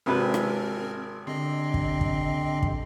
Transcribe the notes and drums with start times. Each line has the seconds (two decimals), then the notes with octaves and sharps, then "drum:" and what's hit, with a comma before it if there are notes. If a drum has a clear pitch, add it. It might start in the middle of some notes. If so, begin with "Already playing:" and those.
0.06 G#1 C3 C4 A#4 B4
0.34 drum: rim click
1.27 D3 C4 G4 D#5 C6
1.74 drum: kick
2.01 drum: kick
2.62 drum: kick